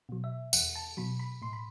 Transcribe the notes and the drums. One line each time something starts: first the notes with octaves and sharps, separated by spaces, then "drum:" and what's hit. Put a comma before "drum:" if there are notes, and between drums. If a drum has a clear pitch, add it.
B2 F#3
E5
E2 F#5, drum: tambourine
A5
B2 F#3 B5
B5
A2 C6
B5